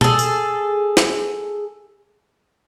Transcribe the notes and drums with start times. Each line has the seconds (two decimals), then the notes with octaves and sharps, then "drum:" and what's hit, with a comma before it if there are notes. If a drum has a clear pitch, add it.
0.01 G#4 A4, drum: tom B2
0.19 drum: tambourine
0.97 drum: snare